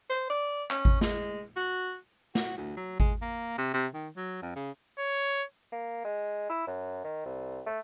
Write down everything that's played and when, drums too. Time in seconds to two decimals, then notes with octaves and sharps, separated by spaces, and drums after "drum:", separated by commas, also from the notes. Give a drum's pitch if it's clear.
0.10 C5
0.30 D5
0.70 C#4, drum: clap
0.85 drum: kick G#1
1.01 G#3, drum: snare
1.57 F#4
2.35 F#4, drum: snare
2.57 D2
2.77 F#3
3.00 G#3, drum: kick G#1
3.22 A#3
3.58 C3
3.74 C3
3.94 D#3
4.17 F#3
4.42 F2
4.56 C#3
4.99 C#5
5.72 A#3
6.05 G#3
6.50 E4
6.67 F#2
7.04 D#3
7.26 C2
7.66 A3